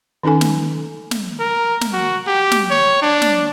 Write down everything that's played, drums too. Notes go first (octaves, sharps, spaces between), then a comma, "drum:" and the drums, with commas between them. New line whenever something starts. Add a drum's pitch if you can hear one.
D#3 C#4 D#4 A4 G#5
drum: snare
drum: snare
A#4
drum: snare
F#4
G4
drum: snare
C#5
D4
drum: snare